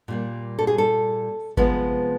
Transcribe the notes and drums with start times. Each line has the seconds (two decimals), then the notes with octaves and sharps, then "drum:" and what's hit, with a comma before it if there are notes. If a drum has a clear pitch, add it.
0.08 A#2 G3 A#3
0.59 A4
0.67 G#4
0.78 A4
1.57 C3 F3 G#3 B3 B4, drum: kick G#1